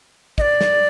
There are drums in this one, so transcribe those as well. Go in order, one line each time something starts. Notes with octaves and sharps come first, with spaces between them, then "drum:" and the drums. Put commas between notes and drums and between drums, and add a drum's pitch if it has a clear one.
D#5, drum: kick
D5
drum: snare